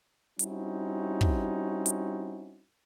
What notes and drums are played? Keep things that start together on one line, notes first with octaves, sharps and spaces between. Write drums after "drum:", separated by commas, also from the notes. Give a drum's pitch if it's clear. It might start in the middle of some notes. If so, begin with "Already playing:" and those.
G3 C4 C#4 D#4 E4 F#4, drum: hi-hat
drum: kick
drum: hi-hat